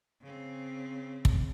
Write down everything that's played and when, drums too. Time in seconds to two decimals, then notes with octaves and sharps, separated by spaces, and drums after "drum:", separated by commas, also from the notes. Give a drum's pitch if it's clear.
0.22 C#3 C4
1.25 drum: kick